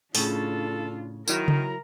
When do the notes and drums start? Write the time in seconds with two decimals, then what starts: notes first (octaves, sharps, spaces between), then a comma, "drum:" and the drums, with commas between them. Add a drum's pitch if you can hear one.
0.15 A2 C#3 D4 F4 A4, drum: open hi-hat
1.28 D#3 F#3 E4 A#4 A#5, drum: tambourine
1.48 drum: tom C#3